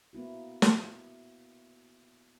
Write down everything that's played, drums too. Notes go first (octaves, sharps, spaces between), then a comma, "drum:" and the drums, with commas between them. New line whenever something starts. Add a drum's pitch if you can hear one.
A#3 B3 E4 F#4
drum: snare